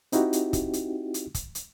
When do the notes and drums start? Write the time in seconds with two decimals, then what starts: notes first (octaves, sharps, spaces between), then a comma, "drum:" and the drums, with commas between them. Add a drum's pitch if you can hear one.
0.12 C4 D#4 E4 F#4 G4, drum: hi-hat
0.33 drum: hi-hat
0.53 drum: kick, hi-hat
0.73 drum: hi-hat
1.14 drum: hi-hat
1.35 drum: kick, hi-hat
1.55 drum: hi-hat